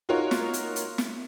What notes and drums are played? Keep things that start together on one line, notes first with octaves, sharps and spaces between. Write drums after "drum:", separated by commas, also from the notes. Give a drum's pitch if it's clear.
D#4 F4 F#4 A#4 C#5
drum: snare
drum: hi-hat
drum: hi-hat
drum: snare